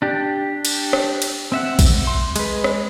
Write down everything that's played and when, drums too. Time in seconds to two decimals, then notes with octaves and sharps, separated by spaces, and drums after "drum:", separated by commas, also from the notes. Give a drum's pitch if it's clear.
0.02 D4 G4
0.65 drum: cymbal
0.93 drum: rim click
1.22 drum: cymbal
1.52 C4 E5 F#5
1.79 drum: kick B1, cymbal
2.07 C6
2.36 G#3 B4, drum: cymbal
2.64 drum: rim click